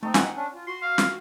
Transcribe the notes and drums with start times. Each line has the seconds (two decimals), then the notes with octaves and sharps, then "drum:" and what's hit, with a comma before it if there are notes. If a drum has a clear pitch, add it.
0.03 A3 C4 D#4
0.14 F#5 G#5, drum: snare
0.36 C#4 D4
0.54 F4
0.67 F#4 C6
0.82 F5
0.98 drum: snare